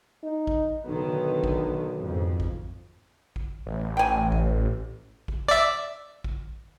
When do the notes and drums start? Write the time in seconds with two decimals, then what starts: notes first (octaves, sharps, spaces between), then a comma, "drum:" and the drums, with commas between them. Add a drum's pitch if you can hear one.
0.23 D#4
0.47 drum: kick A1
0.86 B1 D3 D#3 B3
1.44 drum: kick A1
2.02 F2 G#2
2.40 drum: kick A1
3.36 drum: kick A1
3.66 A1
3.97 G5 G#5
4.32 drum: kick A1
5.28 drum: kick A1
5.48 D5 E5
6.24 drum: kick A1